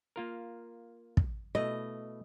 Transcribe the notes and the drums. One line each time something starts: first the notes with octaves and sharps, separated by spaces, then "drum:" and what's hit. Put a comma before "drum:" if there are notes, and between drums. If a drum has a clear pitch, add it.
A#3 F4 A#4
drum: kick
B2 A3 E4 D#5